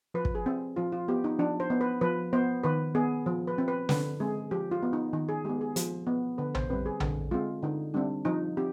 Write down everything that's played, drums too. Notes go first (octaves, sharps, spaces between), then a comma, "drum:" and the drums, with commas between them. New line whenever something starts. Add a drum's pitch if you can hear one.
F3 B4
drum: kick
G#4
C4
F3 F4
F4
B3 G4
D#4
F3 D4
C5
B3
B4
F3 B4
B3 C5
D#3 B4
B3 G#4
F3
B4
C4
B4
D3 B4, drum: snare
G#3 C4 G#4
F3 G4
F4
B3
D#4
D#3 D#4
G#4
G#3 B3 G4
G#4
F3, drum: hi-hat
B3
D3 B4
C5, drum: tom A#1
G3 C4 B4
G#4
D3, drum: tom A#1
G#3 C4 F4
D3 D#4
G3 C4 D4
F3 D#4
C4 G4